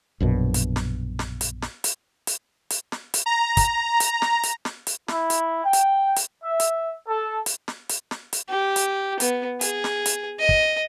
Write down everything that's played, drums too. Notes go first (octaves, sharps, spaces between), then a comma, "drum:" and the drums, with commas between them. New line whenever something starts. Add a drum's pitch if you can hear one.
A#1 F#2 B2
drum: hi-hat
drum: snare
drum: snare
drum: hi-hat
drum: snare
drum: hi-hat
drum: hi-hat
drum: hi-hat
drum: snare
drum: hi-hat
A#5
drum: kick, hi-hat
drum: hi-hat
drum: snare
drum: hi-hat
drum: snare
drum: hi-hat
E4, drum: snare
drum: hi-hat
G5
drum: hi-hat
drum: hi-hat
E5
drum: hi-hat
A4
drum: hi-hat
drum: snare
drum: hi-hat
drum: snare
drum: hi-hat
G4
drum: hi-hat
B3, drum: hi-hat
G#4, drum: hi-hat
drum: snare
drum: hi-hat
D#5
drum: kick